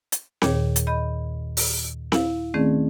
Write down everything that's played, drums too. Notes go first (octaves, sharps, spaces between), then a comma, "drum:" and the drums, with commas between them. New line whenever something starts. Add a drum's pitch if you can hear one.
drum: hi-hat
D#2 A#2 D#3 G#4 C#5, drum: snare C4
drum: hi-hat
D#5 B5 G6
drum: open hi-hat
E4 F5, drum: snare C4
D#3 A3 C4 C#4 G#4 D5